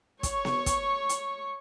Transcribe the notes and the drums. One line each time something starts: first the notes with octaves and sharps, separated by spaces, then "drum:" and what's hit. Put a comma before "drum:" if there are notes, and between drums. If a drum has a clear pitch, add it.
C#5 C#6, drum: kick, hi-hat
drum: snare B3
drum: kick, hi-hat
drum: hi-hat